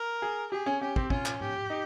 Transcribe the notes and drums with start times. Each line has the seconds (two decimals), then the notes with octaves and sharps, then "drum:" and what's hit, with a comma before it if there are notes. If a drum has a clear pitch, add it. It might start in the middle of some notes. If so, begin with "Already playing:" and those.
Already playing: A#4
0.22 G#4
0.52 G4 G#4
0.66 C#4
0.81 C#4 G4
0.96 C4, drum: kick
1.10 C#4 F4, drum: kick
1.26 drum: clap
1.41 G4, drum: tom G#2
1.70 D#4